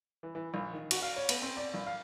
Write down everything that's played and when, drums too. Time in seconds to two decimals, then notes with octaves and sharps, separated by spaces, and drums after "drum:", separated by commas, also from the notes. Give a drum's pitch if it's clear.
0.23 E3
0.35 E3
0.54 A#1
0.73 D#3
0.91 F#4, drum: cymbal
1.02 F5
1.17 C#5
1.29 B3, drum: cymbal
1.42 C4
1.57 D5
1.74 A#1
1.86 F5